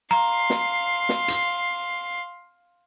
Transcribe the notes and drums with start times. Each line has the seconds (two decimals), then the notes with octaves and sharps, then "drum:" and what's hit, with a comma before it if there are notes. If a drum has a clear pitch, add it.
0.11 F5 A#5 C6
0.50 drum: snare
1.09 drum: snare
1.28 drum: hi-hat